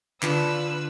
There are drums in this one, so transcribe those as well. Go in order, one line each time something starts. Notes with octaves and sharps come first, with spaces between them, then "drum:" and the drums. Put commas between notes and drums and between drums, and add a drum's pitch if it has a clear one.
D3 D4 F4 B4 E6, drum: clap